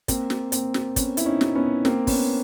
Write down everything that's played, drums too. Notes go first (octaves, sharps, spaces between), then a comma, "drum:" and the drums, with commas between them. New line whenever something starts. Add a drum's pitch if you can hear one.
A#3 C4, drum: kick, hi-hat
drum: snare
A#3 C4, drum: hi-hat
drum: snare
B3 C#4, drum: kick, hi-hat
E4, drum: hi-hat
C#4 D#4
drum: snare
B3 C#4
A#3 C4, drum: snare
B3 C#4, drum: kick, open hi-hat